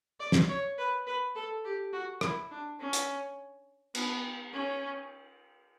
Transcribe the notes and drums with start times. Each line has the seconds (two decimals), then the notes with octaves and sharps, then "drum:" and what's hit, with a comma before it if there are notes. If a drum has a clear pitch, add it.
0.20 D5
0.32 drum: snare
0.49 C#5
0.78 B4
1.07 B4
1.35 A4
1.64 G4
1.93 F#4
2.21 E4, drum: rim click
2.51 D4
2.80 C#4
2.93 drum: hi-hat
3.95 B3, drum: cymbal
4.53 C#4